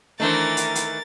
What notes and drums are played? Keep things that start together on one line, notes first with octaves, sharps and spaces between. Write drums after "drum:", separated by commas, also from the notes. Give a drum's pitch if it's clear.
D#3 E3 A3 D4 A#4 C5 A6
drum: hi-hat
drum: hi-hat